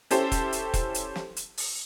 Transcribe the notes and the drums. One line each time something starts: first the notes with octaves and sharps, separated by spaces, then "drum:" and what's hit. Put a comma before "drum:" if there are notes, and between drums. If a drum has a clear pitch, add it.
C#4 E4 G4 A4 C5, drum: hi-hat
drum: kick E1, hi-hat
drum: hi-hat
drum: kick E1, hi-hat
drum: hi-hat
drum: snare
drum: hi-hat
drum: open hi-hat